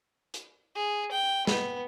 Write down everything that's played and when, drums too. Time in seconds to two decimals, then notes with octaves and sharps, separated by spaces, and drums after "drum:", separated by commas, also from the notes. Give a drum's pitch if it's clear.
0.34 drum: hi-hat
0.76 G#4
1.11 G5
1.47 B3, drum: snare